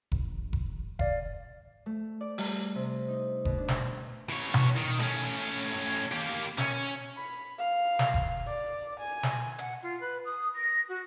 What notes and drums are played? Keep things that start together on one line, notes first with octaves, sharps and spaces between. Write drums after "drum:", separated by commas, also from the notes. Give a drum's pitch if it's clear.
A#1, drum: kick F1
drum: kick F1
D5 F5, drum: kick F1
A3
D5
G3, drum: open hi-hat
C3
D#4
B2, drum: kick F1
D4
drum: snare
E3 C#5
drum: tom B2
D#3
A2 C#4, drum: hi-hat
A#3 G4
C#4, drum: snare
B5
F5
drum: snare
drum: kick F1
D5
G#5
drum: snare
F#5, drum: hi-hat
F4
B4
D#6
A#6
F#4